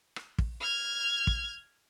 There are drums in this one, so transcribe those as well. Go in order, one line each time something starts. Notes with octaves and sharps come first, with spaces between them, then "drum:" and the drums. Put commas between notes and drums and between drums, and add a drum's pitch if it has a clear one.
drum: rim click
drum: kick
F6 G#6
drum: kick